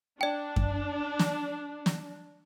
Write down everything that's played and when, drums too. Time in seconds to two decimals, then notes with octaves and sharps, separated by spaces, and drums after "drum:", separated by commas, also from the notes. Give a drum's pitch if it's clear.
0.21 D4 D5 G5
0.56 drum: kick F#2
1.19 drum: snare
1.86 drum: snare